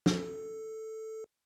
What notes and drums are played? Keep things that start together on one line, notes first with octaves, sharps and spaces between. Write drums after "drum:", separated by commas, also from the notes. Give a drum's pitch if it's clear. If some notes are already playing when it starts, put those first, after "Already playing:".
A4, drum: snare